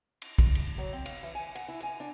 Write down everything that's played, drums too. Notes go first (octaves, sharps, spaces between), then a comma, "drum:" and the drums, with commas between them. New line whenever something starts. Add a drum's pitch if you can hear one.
drum: cymbal
drum: kick, cymbal
drum: cymbal
F#3
C4
F5, drum: cymbal
E3
G#5
F#5, drum: cymbal
E4
G#5
D4